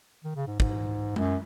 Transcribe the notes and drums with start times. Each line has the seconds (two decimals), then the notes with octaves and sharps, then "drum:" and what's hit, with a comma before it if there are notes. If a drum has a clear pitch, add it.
0.24 D#3
0.36 C#3
0.48 G#2
0.60 G#2, drum: kick
1.16 F#2, drum: tom G#3